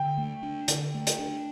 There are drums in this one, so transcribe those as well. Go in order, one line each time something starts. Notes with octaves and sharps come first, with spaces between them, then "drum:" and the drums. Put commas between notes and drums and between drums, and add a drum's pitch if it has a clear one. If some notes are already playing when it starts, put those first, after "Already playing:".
Already playing: D3 G5
A3
D4
D3, drum: hi-hat
A3
drum: hi-hat
D4